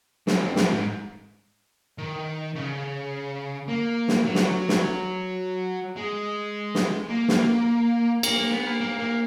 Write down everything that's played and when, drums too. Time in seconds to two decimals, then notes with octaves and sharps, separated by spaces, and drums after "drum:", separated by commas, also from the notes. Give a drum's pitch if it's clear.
0.27 F#2, drum: snare
0.42 F2
0.56 F2, drum: snare
0.70 G#2
1.98 D#3
2.55 C#3
3.68 A#3
4.08 drum: snare
4.25 F#3
4.35 drum: snare
4.69 drum: snare
5.96 G#3
6.75 drum: snare
7.09 A#3
7.28 drum: snare
8.23 A#3, drum: cymbal
8.38 A#3
8.52 B3
8.66 A#3
8.81 A#3
8.99 A#3